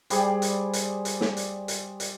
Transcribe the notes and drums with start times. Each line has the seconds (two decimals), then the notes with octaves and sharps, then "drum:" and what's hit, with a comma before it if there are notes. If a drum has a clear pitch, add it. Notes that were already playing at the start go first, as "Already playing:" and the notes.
0.10 G3 G#4 C5 D5, drum: hi-hat
0.42 drum: hi-hat
0.73 drum: hi-hat
1.05 drum: hi-hat
1.21 drum: snare
1.37 drum: hi-hat
1.68 drum: hi-hat
2.00 drum: hi-hat